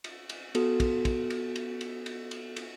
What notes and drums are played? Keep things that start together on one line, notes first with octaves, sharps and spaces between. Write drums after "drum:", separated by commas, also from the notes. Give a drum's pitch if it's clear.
drum: cymbal
drum: cymbal
B3 F#4 A4, drum: cymbal
drum: kick, cymbal
drum: kick, cymbal
drum: cymbal
drum: cymbal
drum: cymbal
drum: cymbal
drum: cymbal
drum: cymbal